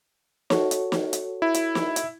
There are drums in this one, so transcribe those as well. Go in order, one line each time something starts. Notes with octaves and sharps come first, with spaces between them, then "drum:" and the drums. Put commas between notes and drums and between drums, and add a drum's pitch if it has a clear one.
F#4 A4 C#5, drum: snare
drum: hi-hat
drum: snare
drum: hi-hat
E4
drum: hi-hat
drum: snare
drum: hi-hat